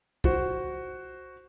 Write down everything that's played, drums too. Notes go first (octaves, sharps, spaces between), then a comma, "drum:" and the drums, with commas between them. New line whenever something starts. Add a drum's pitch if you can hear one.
F#4 C5, drum: kick